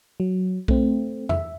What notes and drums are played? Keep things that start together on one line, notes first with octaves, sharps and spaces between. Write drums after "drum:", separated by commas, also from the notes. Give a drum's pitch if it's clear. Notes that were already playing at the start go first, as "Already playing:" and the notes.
F#3
A3 C4, drum: kick B1
E5, drum: tom E2